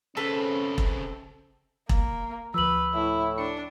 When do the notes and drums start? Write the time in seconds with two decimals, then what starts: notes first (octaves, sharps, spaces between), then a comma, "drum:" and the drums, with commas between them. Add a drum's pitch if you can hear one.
0.17 C#3 C4 C#4 A4 B4
0.78 drum: kick E1
1.89 A#3, drum: kick E1
2.54 D2 F3 B4 E6 F#7
2.94 A2 E4
3.38 D4 C#7